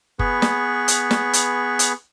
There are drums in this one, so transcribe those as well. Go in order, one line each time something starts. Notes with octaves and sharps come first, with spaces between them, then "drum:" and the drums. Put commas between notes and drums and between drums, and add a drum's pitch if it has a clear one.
B3 G#4 B4 C#6, drum: kick F#1
drum: snare
drum: hi-hat
drum: snare
drum: hi-hat
drum: hi-hat